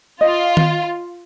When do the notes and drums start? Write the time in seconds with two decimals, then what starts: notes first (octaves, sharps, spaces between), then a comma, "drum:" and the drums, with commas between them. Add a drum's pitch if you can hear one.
0.21 F4 D#5
0.57 drum: tom D#3